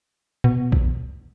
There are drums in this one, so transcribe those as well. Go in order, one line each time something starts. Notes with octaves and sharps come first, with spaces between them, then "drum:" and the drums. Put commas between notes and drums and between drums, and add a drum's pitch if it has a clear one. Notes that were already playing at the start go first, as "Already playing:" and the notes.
B2
drum: kick